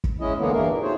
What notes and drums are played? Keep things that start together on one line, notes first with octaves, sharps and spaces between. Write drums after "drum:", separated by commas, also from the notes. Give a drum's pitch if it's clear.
drum: kick
G#3 C#4 E4 D#5
D3 E3 G#3 A#3 B3
E2 G2 E3 A3 A#3 A#4
A#2
D#4 F4 F#4 G#4 C5 C#5